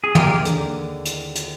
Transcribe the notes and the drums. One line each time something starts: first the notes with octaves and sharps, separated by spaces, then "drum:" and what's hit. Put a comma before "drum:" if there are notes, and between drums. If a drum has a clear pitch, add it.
G#4
D#2 G4 A#4, drum: tom
G#3
D3, drum: hi-hat
D#2
drum: hi-hat
drum: hi-hat